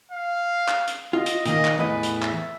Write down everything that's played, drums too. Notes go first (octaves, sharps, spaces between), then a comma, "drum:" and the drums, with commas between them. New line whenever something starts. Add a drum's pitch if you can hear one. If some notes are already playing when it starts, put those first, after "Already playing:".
F5
drum: clap
drum: hi-hat
F4 D#5
drum: hi-hat
A#2 D#3 A#3 D#5, drum: hi-hat
drum: clap
E2 A2 B4 D#5
drum: hi-hat
E5, drum: clap